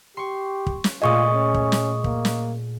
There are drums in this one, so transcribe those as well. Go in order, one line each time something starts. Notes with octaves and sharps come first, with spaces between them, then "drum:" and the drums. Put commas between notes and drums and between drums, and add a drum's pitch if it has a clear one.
G4 C6 C#6
drum: kick
drum: snare
A#2 A3 F4 G#4 D#5 C#6 D#6
C#4
drum: kick
drum: snare
A#3, drum: kick
drum: snare